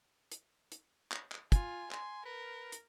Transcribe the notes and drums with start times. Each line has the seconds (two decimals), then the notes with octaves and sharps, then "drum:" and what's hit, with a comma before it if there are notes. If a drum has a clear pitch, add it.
0.32 drum: hi-hat
0.72 drum: hi-hat
1.12 drum: clap
1.32 drum: clap
1.52 F4 G#5, drum: kick, hi-hat
1.91 G#5 C6, drum: clap
2.25 A#4 B4
2.72 drum: hi-hat